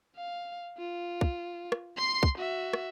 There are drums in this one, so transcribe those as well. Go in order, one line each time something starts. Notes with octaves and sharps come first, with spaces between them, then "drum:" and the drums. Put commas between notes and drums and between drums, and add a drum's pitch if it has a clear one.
F5
F4
drum: kick
drum: rim click
C6 C7
drum: kick
F#4 E5
drum: rim click